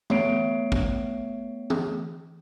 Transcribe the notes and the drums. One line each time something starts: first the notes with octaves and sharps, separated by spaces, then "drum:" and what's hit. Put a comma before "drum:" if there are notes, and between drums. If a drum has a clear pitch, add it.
A3 B3 C#5 C7 D7, drum: tom
drum: kick
drum: tom